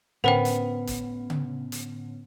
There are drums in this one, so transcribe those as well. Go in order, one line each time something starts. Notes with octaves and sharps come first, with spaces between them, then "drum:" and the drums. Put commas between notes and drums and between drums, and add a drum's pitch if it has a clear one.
A2 D3 B3 C#4 A#4 C5 G5
drum: hi-hat
drum: kick, hi-hat
drum: tom C#3
drum: hi-hat